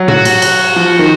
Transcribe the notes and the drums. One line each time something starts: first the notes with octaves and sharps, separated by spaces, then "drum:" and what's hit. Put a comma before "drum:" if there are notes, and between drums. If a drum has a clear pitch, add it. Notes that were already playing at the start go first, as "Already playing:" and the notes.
Already playing: F#3
F#4, drum: tom
drum: cymbal
drum: cymbal
F3
D#3